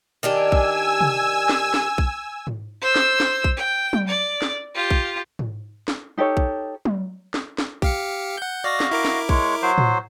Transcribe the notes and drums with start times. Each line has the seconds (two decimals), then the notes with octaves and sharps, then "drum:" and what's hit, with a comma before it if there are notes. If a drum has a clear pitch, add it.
0.23 D#3 D4 G4 G#5 E6
0.52 drum: kick A#1
1.01 drum: tom C3
1.49 drum: snare
1.74 drum: snare
1.98 drum: kick A#1
2.47 drum: tom G#2
2.81 C5 E6
2.96 drum: snare
3.20 drum: snare
3.44 drum: kick A#1
3.56 G5
3.93 drum: tom F#3
4.08 D5
4.42 drum: snare
4.75 F4 G4
4.91 drum: kick A#1
5.39 drum: tom G#2
5.88 drum: snare
6.17 D#4 G4 A4 C#5
6.37 drum: kick A#1
6.85 drum: tom F#3
7.34 drum: snare
7.58 drum: snare
7.82 G4 F5 C#7, drum: kick A#1
8.37 F#5 G6
8.64 F#4 D5 D#5 F5 A#6
8.80 drum: snare
8.91 E4 A#4 D6
9.05 drum: snare
9.29 G#3 C#5, drum: kick A#1
9.62 F#3 C5
9.78 drum: tom A2